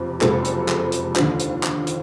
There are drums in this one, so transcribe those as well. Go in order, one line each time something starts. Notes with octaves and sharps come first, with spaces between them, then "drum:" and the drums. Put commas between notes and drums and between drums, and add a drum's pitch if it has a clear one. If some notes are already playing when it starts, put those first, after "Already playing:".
Already playing: F#1 F2 C3 F3
F#1 F2 C3 F3 G#3 A4, drum: clap
drum: hi-hat
drum: clap
drum: hi-hat
D#2 D3 F3, drum: clap
drum: hi-hat
drum: clap
drum: hi-hat